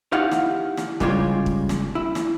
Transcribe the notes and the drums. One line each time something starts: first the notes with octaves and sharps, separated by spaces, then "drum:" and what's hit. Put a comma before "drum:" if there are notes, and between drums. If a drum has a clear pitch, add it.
D#4 E4 G4 F5 F#5
drum: snare
drum: snare
C#3 G3 G#3 F4 G4 C#5, drum: kick
drum: kick
drum: snare
E4
drum: snare